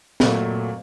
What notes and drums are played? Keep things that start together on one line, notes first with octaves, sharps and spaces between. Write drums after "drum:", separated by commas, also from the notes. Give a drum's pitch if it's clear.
A#2 F#3 A3, drum: snare